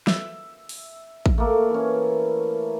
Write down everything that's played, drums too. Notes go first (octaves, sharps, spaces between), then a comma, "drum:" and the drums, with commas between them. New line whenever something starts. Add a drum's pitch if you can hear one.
E5, drum: snare
drum: open hi-hat
drum: kick A1
A3 A#3
E3 C#4